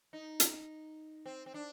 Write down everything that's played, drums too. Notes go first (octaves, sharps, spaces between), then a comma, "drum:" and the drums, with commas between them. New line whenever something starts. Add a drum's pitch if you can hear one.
D#4
drum: hi-hat
C4
C4
D4